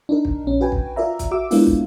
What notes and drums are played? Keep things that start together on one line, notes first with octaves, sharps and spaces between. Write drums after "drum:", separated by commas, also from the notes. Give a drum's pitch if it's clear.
D4 D#4 A#4
drum: kick
A#1 C#4
F#4 B4 G5 G#5
drum: kick
F4 A#4 D5 E5 A#5
drum: kick, hi-hat
F#4 E5 D6 E6
G#3 A#3 B3 D4 E4 F4, drum: open hi-hat
drum: kick